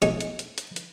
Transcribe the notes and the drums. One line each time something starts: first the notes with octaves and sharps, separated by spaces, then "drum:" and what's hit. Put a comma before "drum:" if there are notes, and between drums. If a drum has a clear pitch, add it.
B1 G#3 A3 D#4 G#5 D#6, drum: hi-hat
drum: hi-hat
drum: hi-hat
drum: hi-hat
drum: hi-hat